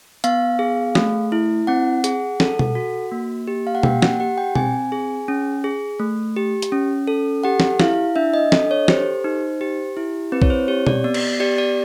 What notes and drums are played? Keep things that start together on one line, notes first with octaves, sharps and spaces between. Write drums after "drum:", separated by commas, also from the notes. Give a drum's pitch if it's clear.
B3 F5, drum: hi-hat
G#4
A3, drum: snare
E4
C4 F#5
G#4, drum: hi-hat
A4, drum: snare
drum: tom B2
F#4
A#3
G4
F5
F#5
A#3 G5, drum: tom B2
F#5, drum: snare
G4 F#5
G5
C4 G#5, drum: tom B2
G#4
C#4
G#4
A3
G4
drum: hi-hat
C#4
A4
G4 F#5
drum: snare
E4 F5, drum: snare
D4 E5
D#5
A4 D#5, drum: snare
C#5
G4 C5, drum: snare
D#4
G4
E4
C4 B4
C#5, drum: kick B1
C5
G4 C#5
D5, drum: tom B2
B3 D5
drum: cymbal
G4 D5
D5